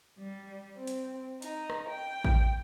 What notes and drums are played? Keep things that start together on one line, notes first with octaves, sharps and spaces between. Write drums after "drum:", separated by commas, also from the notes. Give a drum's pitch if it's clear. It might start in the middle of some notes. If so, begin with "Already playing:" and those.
G3
C4
drum: hi-hat
D#4, drum: hi-hat
drum: rim click
G5
drum: kick A1